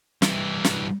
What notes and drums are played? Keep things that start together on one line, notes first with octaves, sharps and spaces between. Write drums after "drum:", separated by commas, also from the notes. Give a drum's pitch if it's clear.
G2 E3, drum: snare
drum: snare